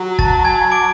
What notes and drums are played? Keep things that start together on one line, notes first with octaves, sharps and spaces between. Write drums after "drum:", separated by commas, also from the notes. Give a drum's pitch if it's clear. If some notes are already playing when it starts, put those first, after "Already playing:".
Already playing: F#3
A5 A6, drum: kick
G#5 G#6
D6 D7